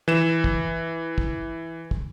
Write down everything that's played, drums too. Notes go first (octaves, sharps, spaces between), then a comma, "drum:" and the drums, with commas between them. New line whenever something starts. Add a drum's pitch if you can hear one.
E3 E7
drum: kick
drum: kick
drum: kick